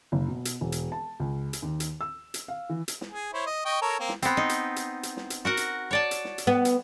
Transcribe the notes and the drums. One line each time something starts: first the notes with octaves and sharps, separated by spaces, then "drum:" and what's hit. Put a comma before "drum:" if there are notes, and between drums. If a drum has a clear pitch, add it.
F#1
B2
drum: hi-hat
E1
drum: hi-hat
A5
C#2
drum: hi-hat
D#2
drum: hi-hat
E6
drum: hi-hat
F5
E3
drum: hi-hat
drum: snare
G#4
E4 C5 C#5
D#5
D#5 G5 C#6
A4 A#4 C#5
A#3 C4
drum: snare
B3 C4, drum: hi-hat
D#4
drum: hi-hat
drum: hi-hat
drum: hi-hat
drum: snare
drum: hi-hat
F#4 A#4 F#5
drum: hi-hat
C#5 D5 A5
drum: hi-hat
drum: snare
drum: hi-hat
B3
drum: hi-hat